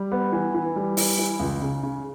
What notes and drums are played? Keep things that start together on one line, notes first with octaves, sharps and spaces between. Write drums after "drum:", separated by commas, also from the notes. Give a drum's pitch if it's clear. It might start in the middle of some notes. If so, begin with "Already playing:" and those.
Already playing: G3
B3
E3
E3
G3
E3, drum: open hi-hat
E3
C#2
C#3
C#3